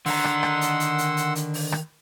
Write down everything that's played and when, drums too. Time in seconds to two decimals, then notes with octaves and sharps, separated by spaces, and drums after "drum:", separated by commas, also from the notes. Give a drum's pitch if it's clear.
0.06 D3 D#3 E5 F#5 A#5 C6 E6, drum: open hi-hat
0.24 drum: rim click
0.43 drum: rim click
0.61 drum: hi-hat
0.80 drum: hi-hat
0.98 drum: hi-hat
1.17 drum: hi-hat
1.35 drum: hi-hat
1.54 drum: open hi-hat
1.72 drum: rim click